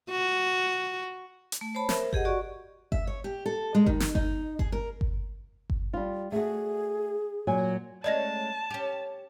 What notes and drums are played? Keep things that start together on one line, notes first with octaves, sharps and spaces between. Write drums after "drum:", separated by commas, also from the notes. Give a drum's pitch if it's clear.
F#4
drum: hi-hat
A3
C5 C#5 A5 B5
A#4 C5 E5, drum: snare
G4 G#4 D#5 F#5, drum: kick G1
F#4 D5 C#6
E5, drum: kick G1
C#5
G4
A4
G#3
D#3, drum: kick G1
drum: snare
D#4, drum: kick G1
G#4, drum: kick G1
A#4
drum: kick G1
drum: kick G1
G3 F4
A3 F#4 G#4
A#2 F#3 G#5
G#3 A3 C#4 D5 D#5 A5 A#6
C#4 G4